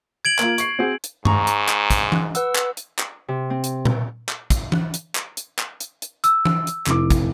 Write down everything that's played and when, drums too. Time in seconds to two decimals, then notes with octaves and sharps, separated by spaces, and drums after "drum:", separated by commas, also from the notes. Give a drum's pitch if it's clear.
0.25 G#6 D7 F#7
0.39 A#3 F4, drum: clap
0.58 C#6 C7, drum: hi-hat
0.79 C4 F#4 G#4
1.04 drum: hi-hat
1.25 G#2 A#5 C#6, drum: tom G2
1.47 drum: hi-hat
1.69 drum: clap
1.90 drum: kick, hi-hat
2.12 drum: tom E3
2.35 B4 F#5 E6, drum: hi-hat
2.55 drum: clap
2.77 drum: hi-hat
2.99 drum: clap
3.28 C3
3.50 C4
3.64 drum: hi-hat
3.85 drum: tom A#2
4.29 drum: clap
4.50 drum: kick, hi-hat
4.72 drum: tom E3
4.94 drum: hi-hat
5.15 drum: clap
5.37 drum: hi-hat
5.59 drum: clap
5.80 drum: hi-hat
6.02 drum: hi-hat
6.24 E6, drum: hi-hat
6.45 drum: tom E3
6.67 drum: hi-hat
6.87 F1 E4 D6, drum: clap
7.10 drum: kick, hi-hat